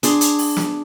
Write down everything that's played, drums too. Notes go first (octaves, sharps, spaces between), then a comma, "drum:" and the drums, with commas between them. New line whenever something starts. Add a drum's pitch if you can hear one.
D4 G#4 C6, drum: hi-hat
drum: hi-hat
drum: open hi-hat
drum: snare